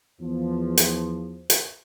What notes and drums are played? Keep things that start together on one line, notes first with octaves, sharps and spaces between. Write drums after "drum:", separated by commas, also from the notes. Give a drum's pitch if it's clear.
E2 F3
drum: hi-hat
drum: hi-hat